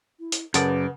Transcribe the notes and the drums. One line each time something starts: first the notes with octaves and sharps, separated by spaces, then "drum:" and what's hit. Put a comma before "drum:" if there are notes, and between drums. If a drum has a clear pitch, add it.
E4
drum: hi-hat
F#2 C#3 A#3 B3 A4 B4 D5, drum: hi-hat